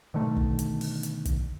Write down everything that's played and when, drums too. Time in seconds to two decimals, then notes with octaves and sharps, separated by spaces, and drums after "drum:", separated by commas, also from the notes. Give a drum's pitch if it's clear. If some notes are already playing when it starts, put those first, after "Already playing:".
0.14 B2 D3 D#3 A3
0.36 drum: kick
0.59 drum: hi-hat
0.81 drum: open hi-hat
1.03 drum: hi-hat
1.25 drum: kick, hi-hat